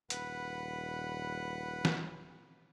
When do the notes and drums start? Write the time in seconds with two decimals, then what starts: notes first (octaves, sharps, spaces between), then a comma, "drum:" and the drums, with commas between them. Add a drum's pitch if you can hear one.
0.10 D#1 B4 F#5 B5, drum: hi-hat
1.85 drum: snare